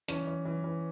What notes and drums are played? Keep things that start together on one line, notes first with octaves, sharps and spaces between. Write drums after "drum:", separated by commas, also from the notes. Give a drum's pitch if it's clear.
E3 C#4, drum: hi-hat
E3
E3
E3